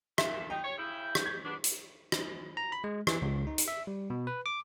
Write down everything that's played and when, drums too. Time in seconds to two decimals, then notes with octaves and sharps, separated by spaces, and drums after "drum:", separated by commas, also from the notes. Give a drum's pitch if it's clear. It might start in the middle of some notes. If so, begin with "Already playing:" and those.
0.18 A#2 A3 A4 E5, drum: rim click
0.50 D#4 G5
0.64 C#5
0.78 C#3 E4 G6
1.15 drum: rim click
1.26 G#6
1.45 B3 D4
1.64 drum: hi-hat
2.12 drum: rim click
2.57 A#5
2.72 B5
2.84 G#3
3.07 E3, drum: rim click
3.22 C#2
3.47 D#4
3.58 drum: hi-hat
3.68 E5
3.87 G3
4.10 B2
4.27 B4
4.46 D6